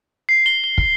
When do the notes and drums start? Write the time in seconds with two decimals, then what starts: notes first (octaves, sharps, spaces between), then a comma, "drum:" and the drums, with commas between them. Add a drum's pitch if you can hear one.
0.29 C7
0.46 G7
0.64 G7
0.78 drum: kick